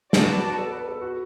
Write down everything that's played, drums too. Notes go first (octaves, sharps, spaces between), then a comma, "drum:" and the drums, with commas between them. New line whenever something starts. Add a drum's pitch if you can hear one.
B3 F#4 D5 A5, drum: snare
B4
B4
B4
A4
B4
A4
F#4